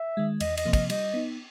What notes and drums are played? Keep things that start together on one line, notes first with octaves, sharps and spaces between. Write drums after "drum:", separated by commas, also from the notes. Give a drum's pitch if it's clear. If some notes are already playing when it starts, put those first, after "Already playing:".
Already playing: E5
D#3 G#3
E2 D#5, drum: cymbal
D#5, drum: cymbal
C3 F3 A#3
D#5, drum: kick, cymbal
G3 D#5, drum: cymbal
B3 D#4